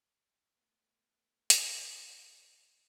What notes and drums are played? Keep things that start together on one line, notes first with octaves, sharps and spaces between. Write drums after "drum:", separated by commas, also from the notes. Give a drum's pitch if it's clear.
A3 B3
drum: hi-hat